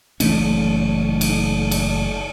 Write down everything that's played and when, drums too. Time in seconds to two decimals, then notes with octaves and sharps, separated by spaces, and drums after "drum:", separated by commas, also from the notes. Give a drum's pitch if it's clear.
0.20 F#1 E3 A3 C#4, drum: cymbal
1.21 drum: cymbal
1.71 drum: cymbal